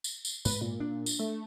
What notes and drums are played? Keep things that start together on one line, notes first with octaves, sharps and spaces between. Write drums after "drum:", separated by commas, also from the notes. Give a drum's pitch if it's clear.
drum: tambourine
drum: tambourine
G#2 B4, drum: tambourine
A#2
D4
drum: tambourine
A3